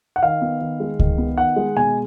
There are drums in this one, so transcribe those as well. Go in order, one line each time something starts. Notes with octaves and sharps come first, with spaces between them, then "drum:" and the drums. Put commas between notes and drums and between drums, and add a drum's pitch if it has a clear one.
F#5
D#3 F5
B3
D#3
G#3
D#3, drum: kick C#2
B3
D#3 F#5
G#3
B2 G#5